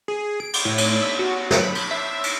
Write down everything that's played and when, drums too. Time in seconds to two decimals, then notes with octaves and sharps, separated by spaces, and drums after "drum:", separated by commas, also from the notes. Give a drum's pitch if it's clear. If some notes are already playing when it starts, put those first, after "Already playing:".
0.08 G#4
0.40 D7
0.53 drum: cymbal
0.65 A2
0.78 drum: cymbal
1.02 E5
1.19 F#4
1.51 drum: snare
1.61 B5
1.75 drum: cymbal
1.91 E5
2.24 drum: cymbal